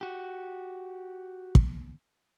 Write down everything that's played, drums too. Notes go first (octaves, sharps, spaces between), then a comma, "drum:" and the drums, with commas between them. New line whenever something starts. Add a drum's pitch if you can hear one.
F#4 G4
drum: kick